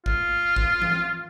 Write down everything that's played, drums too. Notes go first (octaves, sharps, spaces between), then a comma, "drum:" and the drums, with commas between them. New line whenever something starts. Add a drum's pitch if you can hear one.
F4, drum: kick G#1
drum: kick G#1
drum: tom E3